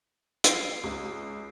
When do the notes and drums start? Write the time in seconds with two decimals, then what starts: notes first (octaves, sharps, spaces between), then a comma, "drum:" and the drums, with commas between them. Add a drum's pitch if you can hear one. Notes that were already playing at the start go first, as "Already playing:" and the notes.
0.44 C7 D7, drum: hi-hat
0.84 C#2